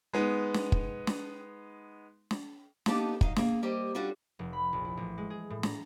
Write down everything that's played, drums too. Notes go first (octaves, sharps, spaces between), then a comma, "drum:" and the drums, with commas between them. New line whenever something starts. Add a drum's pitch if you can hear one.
G#3 B3 D#4
drum: snare
drum: kick
drum: snare
drum: snare
A#3 B3 D4 D#4 G4 A4, drum: snare
F#3 D#4 F5, drum: kick
A#3 G#4, drum: snare
G3 A#3 G4 C5 D#5
G3 C#4 D4 F4 F#4 A4
F1
B5
A#1
E4
A1
G#3
G#4
A2
A#5, drum: snare